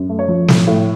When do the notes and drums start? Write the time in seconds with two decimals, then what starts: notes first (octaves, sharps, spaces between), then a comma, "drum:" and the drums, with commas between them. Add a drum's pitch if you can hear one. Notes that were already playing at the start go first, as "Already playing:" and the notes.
Already playing: F#2
0.09 A3
0.19 C#5
0.28 F3
0.48 A2, drum: snare
0.67 A2